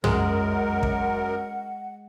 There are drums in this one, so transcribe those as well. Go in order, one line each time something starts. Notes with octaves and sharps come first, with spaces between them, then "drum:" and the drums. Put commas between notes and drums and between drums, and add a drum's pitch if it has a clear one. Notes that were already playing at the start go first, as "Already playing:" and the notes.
F#2 G#3 A#4 F#5, drum: tom
drum: kick